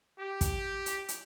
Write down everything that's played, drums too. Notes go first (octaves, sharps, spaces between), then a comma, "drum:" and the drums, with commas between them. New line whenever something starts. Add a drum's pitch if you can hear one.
G4
drum: kick, hi-hat
drum: hi-hat
drum: hi-hat